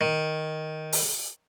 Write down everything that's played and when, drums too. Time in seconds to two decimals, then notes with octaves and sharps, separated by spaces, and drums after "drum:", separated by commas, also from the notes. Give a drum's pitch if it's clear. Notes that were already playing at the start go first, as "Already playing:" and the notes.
0.01 D#3
0.92 drum: open hi-hat